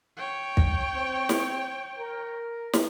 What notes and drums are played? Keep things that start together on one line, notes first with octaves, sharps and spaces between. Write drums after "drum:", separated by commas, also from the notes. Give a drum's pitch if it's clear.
C#5 G5
drum: kick
C4
drum: snare
A#4
drum: snare